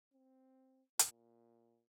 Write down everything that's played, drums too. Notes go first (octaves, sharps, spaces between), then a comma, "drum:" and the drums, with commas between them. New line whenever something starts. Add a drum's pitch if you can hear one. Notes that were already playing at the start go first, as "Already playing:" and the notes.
C4
A#2, drum: hi-hat